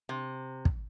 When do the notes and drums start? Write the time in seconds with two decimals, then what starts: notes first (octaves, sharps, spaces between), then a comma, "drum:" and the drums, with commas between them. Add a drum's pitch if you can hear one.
0.09 C3
0.65 drum: kick